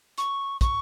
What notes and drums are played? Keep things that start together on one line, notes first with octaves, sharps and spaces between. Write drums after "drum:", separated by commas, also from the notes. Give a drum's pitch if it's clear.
C#6, drum: hi-hat
C#6, drum: kick, hi-hat